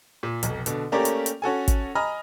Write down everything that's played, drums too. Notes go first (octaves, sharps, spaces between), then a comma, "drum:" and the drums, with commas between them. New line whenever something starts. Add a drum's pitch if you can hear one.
A#2
F1 B1, drum: hi-hat
B2 D3, drum: hi-hat
A3 A#3 C#4 G4 A#4 D5
drum: hi-hat
drum: hi-hat
C#4 F#4 A4 G#5
drum: kick, hi-hat
D#5 G#5 A#5 B5 F6